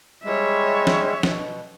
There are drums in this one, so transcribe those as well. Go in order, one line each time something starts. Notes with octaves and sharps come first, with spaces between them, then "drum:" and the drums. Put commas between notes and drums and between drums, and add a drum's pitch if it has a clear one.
G3 G#3 C#5 E5
drum: snare
B2, drum: snare